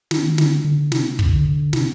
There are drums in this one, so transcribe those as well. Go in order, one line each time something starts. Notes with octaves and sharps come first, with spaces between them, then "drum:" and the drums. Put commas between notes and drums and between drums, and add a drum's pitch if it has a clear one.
D#3, drum: snare
D#3
D3, drum: snare
D3
C3, drum: snare
drum: kick
D3
C3, drum: snare